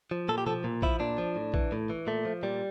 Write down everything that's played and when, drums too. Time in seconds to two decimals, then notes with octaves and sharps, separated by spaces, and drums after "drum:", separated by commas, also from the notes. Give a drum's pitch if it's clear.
0.11 F3
0.29 A#2 A4
0.38 G4
0.46 F3 A4, drum: tom B2
0.64 A#2
0.82 F3 E4, drum: kick A#1
1.00 A#2 D4
1.18 F3
1.36 A2
1.54 E3, drum: kick A#1
1.72 A2
1.90 E3
2.07 A#2 A3
2.25 F3
2.43 A#2 G3